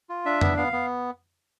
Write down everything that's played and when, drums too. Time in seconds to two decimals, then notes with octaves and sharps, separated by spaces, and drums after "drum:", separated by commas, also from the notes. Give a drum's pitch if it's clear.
0.09 F4
0.25 D4 E5
0.41 B3, drum: tom F2
0.57 B3 F5
0.73 B3